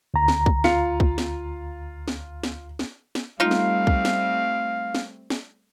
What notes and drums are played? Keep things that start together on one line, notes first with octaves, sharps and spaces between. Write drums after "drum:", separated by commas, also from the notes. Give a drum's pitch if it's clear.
D2 A#5
drum: snare
drum: kick B1
F4 F5 C#7, drum: snare
drum: kick B1
drum: snare
drum: snare
drum: snare
drum: snare
drum: snare
G3 A3 C4 D#4 F4 F5
drum: snare
drum: kick B1
drum: snare
drum: snare
drum: snare